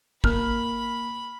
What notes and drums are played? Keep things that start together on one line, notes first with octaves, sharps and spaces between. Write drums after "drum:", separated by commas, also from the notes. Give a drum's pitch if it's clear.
A#3 B5 F6, drum: kick